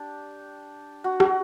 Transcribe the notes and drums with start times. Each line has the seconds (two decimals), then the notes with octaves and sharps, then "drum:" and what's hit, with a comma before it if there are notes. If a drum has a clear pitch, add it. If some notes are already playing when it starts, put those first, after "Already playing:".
Already playing: D4 G4
1.04 F#4
1.20 F#4, drum: rim click